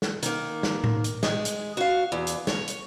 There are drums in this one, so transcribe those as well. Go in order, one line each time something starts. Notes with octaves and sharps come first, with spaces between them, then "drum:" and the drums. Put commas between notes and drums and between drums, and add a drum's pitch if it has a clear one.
drum: snare
D#3 A#3, drum: hi-hat
drum: snare
drum: tom A2
drum: hi-hat
G#3, drum: snare
drum: hi-hat
F#4 F5
E2
drum: hi-hat
C#5, drum: snare
drum: hi-hat